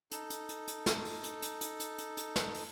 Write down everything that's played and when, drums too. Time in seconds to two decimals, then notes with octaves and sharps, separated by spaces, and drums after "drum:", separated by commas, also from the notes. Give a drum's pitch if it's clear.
0.11 D#4 A4, drum: hi-hat
0.30 drum: hi-hat
0.49 drum: hi-hat
0.68 drum: hi-hat
0.86 drum: snare
1.05 drum: open hi-hat
1.24 drum: hi-hat
1.42 drum: hi-hat
1.61 drum: hi-hat
1.80 drum: hi-hat
1.98 drum: hi-hat
2.17 drum: hi-hat
2.36 drum: snare
2.54 drum: open hi-hat